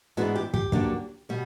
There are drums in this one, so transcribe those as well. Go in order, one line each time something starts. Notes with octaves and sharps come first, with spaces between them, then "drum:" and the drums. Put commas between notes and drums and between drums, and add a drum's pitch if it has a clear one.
G#2 E3 G#3 B3 D4 F#4
G4
G4, drum: kick
G2 D3 F#3 A#3 D4, drum: kick
B2 G3